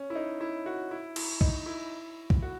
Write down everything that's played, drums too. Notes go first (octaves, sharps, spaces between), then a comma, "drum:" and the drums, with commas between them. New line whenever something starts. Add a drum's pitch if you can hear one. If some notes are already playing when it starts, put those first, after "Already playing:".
Already playing: C#4
E4
D#4
E4
F#4
E4
E4, drum: cymbal
D#4, drum: kick B1
E4
drum: kick B1
F#4